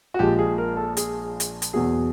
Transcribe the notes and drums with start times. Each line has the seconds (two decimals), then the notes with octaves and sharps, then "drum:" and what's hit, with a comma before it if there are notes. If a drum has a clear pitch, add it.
0.14 F#4
0.19 A#1 A#2 F3 G#3 G4
0.39 G#4
0.58 A#4
0.77 A4
0.97 G#4, drum: hi-hat
1.40 drum: hi-hat
1.62 drum: hi-hat
1.73 E2 B2 F#3 G#4